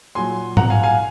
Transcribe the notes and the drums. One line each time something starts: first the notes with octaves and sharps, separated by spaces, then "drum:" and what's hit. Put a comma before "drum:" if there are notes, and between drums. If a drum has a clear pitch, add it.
A#2 F#3 G#5 C6
F#5 A#5, drum: tom G#2
F5 G#5
F5 G#5